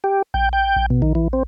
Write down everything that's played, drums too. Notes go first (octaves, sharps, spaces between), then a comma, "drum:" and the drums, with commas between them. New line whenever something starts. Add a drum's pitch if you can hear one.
G4
G5, drum: kick A#1
G5
drum: kick A#1
B2
D#3, drum: kick A#1
E3
C4